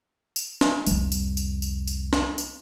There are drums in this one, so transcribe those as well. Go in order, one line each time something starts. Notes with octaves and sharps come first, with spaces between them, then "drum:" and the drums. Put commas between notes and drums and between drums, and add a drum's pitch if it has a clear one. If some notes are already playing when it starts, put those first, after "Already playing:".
drum: tambourine
drum: snare
C2 F2, drum: tambourine
drum: tambourine
drum: tambourine
drum: tambourine
drum: tambourine
drum: snare
drum: tambourine